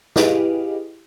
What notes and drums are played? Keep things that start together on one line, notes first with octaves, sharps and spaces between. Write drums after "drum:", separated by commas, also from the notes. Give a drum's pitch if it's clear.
E4 G4 G#4 B4 D#5 F5, drum: snare